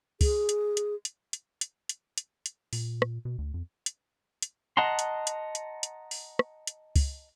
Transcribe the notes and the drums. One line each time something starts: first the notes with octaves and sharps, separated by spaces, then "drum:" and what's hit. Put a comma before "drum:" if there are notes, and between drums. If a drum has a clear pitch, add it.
G#4, drum: kick, open hi-hat
drum: hi-hat
drum: hi-hat
drum: hi-hat
drum: hi-hat
drum: hi-hat
drum: hi-hat
drum: hi-hat
drum: hi-hat
A#2, drum: open hi-hat
drum: rim click
B2
D2
F2
drum: hi-hat
drum: hi-hat
D#5 F#5 A5 A#5 C6
drum: hi-hat
drum: hi-hat
drum: hi-hat
drum: hi-hat
drum: open hi-hat
drum: rim click
drum: hi-hat
drum: kick, open hi-hat